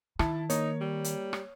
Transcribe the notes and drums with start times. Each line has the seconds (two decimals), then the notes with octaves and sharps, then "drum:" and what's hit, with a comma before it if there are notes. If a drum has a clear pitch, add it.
0.19 D#3 E4 A5, drum: rim click
0.50 A#3 D#4 C#5, drum: hi-hat
0.81 G3
1.04 drum: hi-hat
1.33 drum: rim click